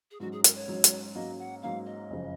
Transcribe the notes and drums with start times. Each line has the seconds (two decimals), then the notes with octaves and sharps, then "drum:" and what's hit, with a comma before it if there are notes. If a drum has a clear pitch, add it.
0.11 G#4
0.20 G#2 F#3 C#4 F#4
0.32 G#4
0.44 A#4, drum: hi-hat
0.56 C#5
0.68 G#2 F#3 C#4
0.84 drum: hi-hat
1.15 G#2 F#3 A#3 C#4 D#5
1.39 F#5
1.62 G#2 F#3 A#3 C#4 F5
1.86 D#5
2.10 F#1 F2 C#3 F3